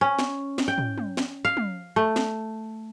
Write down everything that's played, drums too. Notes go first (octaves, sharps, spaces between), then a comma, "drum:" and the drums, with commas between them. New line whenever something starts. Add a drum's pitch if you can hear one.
C#4
drum: snare
drum: snare
G5
drum: tom
drum: tom
drum: snare
F5
drum: tom
A3
drum: snare